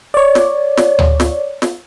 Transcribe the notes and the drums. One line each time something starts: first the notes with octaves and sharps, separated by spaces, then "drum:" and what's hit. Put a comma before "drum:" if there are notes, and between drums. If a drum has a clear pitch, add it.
C#5 D5
drum: snare
drum: snare
drum: tom D2
drum: snare
drum: snare